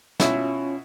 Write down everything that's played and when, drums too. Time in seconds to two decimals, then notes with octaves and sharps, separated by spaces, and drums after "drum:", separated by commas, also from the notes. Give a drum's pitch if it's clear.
0.20 B2 C#4 E4 F4, drum: snare